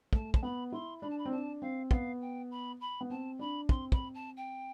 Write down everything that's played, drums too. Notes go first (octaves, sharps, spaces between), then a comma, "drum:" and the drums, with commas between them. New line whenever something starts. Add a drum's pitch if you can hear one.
A3 A5, drum: kick
A5, drum: kick
B3 B5
E4 C6
D4 B5
A5
B5
C4
D4 A5
C4 F5
B3 F5, drum: kick
G5
B5
B5
B3
C4 A5
D4 B5
C4 C6, drum: kick
B5, drum: kick
A5
G5